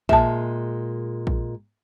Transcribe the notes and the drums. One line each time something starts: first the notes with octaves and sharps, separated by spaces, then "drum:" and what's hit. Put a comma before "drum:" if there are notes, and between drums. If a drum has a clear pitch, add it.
A#2 G#3 E5 A5, drum: kick A#1
drum: kick A#1